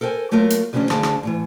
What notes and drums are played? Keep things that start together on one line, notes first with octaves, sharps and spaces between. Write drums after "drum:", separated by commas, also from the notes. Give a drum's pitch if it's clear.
A4 A#4 C5 F5 G#5
F#3 A3 A#3 F4 A#4
drum: hi-hat
D2 C#3 F3 B3 C#4 D4
D2 D3 D4 G#4 F5 A5, drum: rim click
drum: rim click
A2 C#3 E3